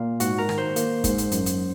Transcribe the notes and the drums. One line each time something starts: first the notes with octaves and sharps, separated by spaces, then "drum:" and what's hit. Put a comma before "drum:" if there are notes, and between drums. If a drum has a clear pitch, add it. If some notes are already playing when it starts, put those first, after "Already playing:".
Already playing: A#2 F4 F5
G#2 F#4 F#5, drum: hi-hat
A#4 A#5
D#3, drum: rim click
C5 C6
A#3, drum: hi-hat
G#2, drum: kick, hi-hat
drum: hi-hat
F#2, drum: hi-hat
drum: hi-hat